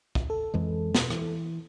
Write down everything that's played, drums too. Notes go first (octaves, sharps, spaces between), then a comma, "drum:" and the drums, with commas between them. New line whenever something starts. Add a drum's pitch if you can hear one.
drum: kick
A4
F2 E3 G#3
B2, drum: snare
E3, drum: rim click